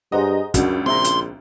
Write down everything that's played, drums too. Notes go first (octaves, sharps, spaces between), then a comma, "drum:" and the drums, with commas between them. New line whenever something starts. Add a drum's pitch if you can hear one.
G2 G#4 C5 D#5 F#5 A#5
C#2 F#2 D4 F#4, drum: kick, hi-hat
A#1 C4 E5 A#5 C6
drum: hi-hat